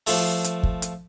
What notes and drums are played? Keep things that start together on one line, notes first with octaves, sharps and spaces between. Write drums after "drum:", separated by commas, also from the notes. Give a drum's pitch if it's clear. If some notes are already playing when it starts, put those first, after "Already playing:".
F3 A3, drum: open hi-hat
drum: hi-hat
drum: kick
drum: hi-hat